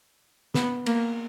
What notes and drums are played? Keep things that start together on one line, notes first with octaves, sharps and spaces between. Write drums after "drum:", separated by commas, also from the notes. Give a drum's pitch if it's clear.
B3, drum: snare
A#3, drum: cymbal